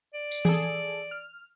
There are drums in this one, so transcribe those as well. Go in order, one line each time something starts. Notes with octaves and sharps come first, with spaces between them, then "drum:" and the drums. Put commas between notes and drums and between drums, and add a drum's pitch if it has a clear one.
D5
drum: tambourine
G#4 A4, drum: tom E3
F6